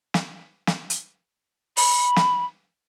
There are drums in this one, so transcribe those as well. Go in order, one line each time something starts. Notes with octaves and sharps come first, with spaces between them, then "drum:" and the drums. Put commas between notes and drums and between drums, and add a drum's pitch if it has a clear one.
drum: snare
drum: snare
drum: hi-hat
B5, drum: open hi-hat
drum: snare